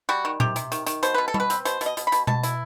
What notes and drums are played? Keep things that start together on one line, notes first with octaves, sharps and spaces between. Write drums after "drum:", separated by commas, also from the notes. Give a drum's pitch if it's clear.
G3 F#4
D#3
C3 G4, drum: tom A#2
C3, drum: hi-hat
D#3, drum: hi-hat
D#3, drum: hi-hat
B2 C5, drum: hi-hat
B2 B4
A4
B2, drum: tom G3
B4
C4, drum: hi-hat
B2 C5, drum: hi-hat
B2, drum: hi-hat
D#5
B2, drum: hi-hat
B5
B2, drum: hi-hat
B2 A5, drum: tom B2
E4, drum: hi-hat